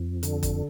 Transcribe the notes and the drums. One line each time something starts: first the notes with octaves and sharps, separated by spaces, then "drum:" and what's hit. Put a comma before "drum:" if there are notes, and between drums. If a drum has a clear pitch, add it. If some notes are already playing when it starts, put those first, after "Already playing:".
Already playing: F2
D3, drum: hi-hat
drum: kick E1, hi-hat